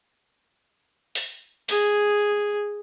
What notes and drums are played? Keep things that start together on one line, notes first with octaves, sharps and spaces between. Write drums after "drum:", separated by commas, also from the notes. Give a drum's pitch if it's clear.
drum: open hi-hat
G#4, drum: open hi-hat